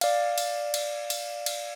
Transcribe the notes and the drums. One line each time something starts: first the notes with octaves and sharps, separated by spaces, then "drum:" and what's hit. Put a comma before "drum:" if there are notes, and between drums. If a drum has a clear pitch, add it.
D5 F5, drum: cymbal
drum: cymbal
drum: cymbal
drum: cymbal
drum: cymbal